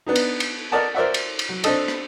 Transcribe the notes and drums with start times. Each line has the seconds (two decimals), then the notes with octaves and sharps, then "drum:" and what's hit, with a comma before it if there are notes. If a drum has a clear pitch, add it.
0.06 B3 D4 D#4
0.16 drum: cymbal
0.40 drum: cymbal
0.72 A4 A#4 D5 D#5 F#5 A5
0.95 A#4 C5 D5 E5 F#5
1.14 drum: cymbal
1.39 drum: cymbal
1.49 F#3
1.64 C4 D4 A4 D#5, drum: cymbal
1.88 drum: rim click